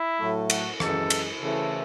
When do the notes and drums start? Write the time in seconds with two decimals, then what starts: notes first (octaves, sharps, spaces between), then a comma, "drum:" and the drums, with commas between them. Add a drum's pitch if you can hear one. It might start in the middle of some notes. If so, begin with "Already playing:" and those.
Already playing: E4
0.19 A2 F#3 A3
0.50 F#4, drum: cymbal
0.80 F#2 E3 G#3 A4, drum: rim click
1.10 drum: cymbal
1.40 C#3 E3 A3 A4